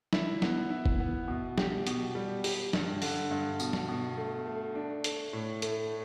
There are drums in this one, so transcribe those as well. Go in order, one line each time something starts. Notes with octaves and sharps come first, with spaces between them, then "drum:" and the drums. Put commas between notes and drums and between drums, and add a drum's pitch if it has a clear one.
E4, drum: snare
B3, drum: snare
E4
drum: kick F#1
B3
B2
G4, drum: snare
B2, drum: hi-hat
G3
G4, drum: open hi-hat
G2, drum: snare
D3, drum: open hi-hat
G2
B2, drum: tambourine
drum: snare
B2
A3
A3
D4
A3, drum: hi-hat
A2
A3, drum: hi-hat